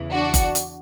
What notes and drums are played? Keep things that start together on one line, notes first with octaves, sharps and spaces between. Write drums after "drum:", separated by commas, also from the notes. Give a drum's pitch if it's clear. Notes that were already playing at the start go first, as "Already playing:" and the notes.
Already playing: E2 C#3 E3
D4 F#4
drum: kick F#1, hi-hat
drum: hi-hat